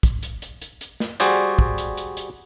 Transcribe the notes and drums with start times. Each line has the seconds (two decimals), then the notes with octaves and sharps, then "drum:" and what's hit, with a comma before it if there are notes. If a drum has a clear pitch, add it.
0.03 drum: kick, hi-hat
0.23 drum: hi-hat
0.42 drum: hi-hat
0.62 drum: hi-hat
0.81 drum: hi-hat
1.00 drum: snare
1.20 G3 F#4 G#4 C5 D5, drum: hi-hat
1.59 drum: kick
1.78 drum: hi-hat
1.97 drum: hi-hat
2.17 drum: hi-hat